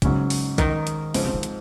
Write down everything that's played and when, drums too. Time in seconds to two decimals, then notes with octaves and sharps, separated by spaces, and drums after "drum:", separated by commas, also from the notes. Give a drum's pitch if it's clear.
0.02 G#2 C#3 F#3 C#4, drum: kick, hi-hat
0.30 drum: open hi-hat
0.58 D#3, drum: kick, hi-hat
0.87 drum: hi-hat
1.14 G#2 C#3 F3 C4, drum: open hi-hat
1.25 C3
1.34 D#3
1.43 drum: hi-hat